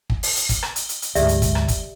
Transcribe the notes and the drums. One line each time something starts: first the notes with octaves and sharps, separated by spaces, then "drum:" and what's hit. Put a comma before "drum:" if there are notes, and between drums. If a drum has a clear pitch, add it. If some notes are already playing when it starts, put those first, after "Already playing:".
drum: kick
drum: open hi-hat
drum: hi-hat
drum: kick, hi-hat
drum: rim click
drum: hi-hat
drum: hi-hat
drum: hi-hat
D2 G#2 G4 D5 E5, drum: hi-hat
drum: hi-hat
drum: kick, hi-hat
drum: rim click
drum: kick, hi-hat